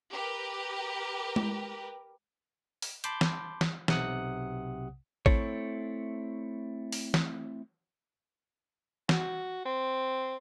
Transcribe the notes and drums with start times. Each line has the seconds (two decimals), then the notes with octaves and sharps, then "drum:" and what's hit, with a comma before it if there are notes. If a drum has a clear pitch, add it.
0.12 G4 A#4 B4
1.36 drum: tom G#3
2.82 drum: open hi-hat
3.04 A5 B5 C6 D6 G6, drum: hi-hat
3.21 drum: snare
3.61 drum: snare
3.88 B1 C3 F#5 D#6 F#6, drum: snare
5.26 A3 C4 E4 A4 C#5, drum: kick A1
6.92 drum: open hi-hat
7.14 drum: snare
9.09 F#4, drum: snare
9.65 C4